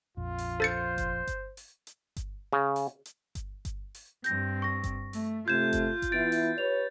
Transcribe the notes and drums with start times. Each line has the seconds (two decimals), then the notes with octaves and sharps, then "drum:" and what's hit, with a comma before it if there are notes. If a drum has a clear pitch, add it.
0.17 A#1 F2 F4
0.38 drum: open hi-hat
0.60 A4 C5 A6 C#7
0.98 drum: kick G1, hi-hat
1.27 drum: kick G1, hi-hat
1.57 drum: open hi-hat
1.87 drum: hi-hat
2.16 drum: kick G1, hi-hat
2.53 C#3
2.76 drum: open hi-hat
3.05 drum: hi-hat
3.35 drum: kick G1, hi-hat
3.65 drum: kick G1, hi-hat
3.95 drum: open hi-hat
4.24 G2 C4 G6 A#6, drum: hi-hat
4.62 C#6 A#6
4.84 drum: kick G1, hi-hat
5.13 A3, drum: open hi-hat
5.48 C3 A3 F4 G6 G#6 E7
5.73 drum: kick G1, hi-hat
6.02 drum: kick G1, hi-hat
6.12 E3 B3 E4 A6 D7
6.32 drum: open hi-hat
6.58 G4 B4 C#5 F7